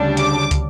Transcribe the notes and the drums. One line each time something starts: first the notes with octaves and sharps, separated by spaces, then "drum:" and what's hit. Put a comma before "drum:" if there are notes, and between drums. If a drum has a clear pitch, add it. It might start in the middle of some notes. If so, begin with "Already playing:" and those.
Already playing: D2 C#3 G3 D4
D6, drum: hi-hat
drum: kick, hi-hat